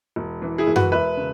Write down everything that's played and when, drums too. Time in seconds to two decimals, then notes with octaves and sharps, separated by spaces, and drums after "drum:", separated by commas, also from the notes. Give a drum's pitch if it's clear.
0.16 E1
0.42 E3
0.58 E4 G#4
0.67 E1
0.76 F#4 B4, drum: tom F#2
0.92 E1 B4 E5
1.17 C#3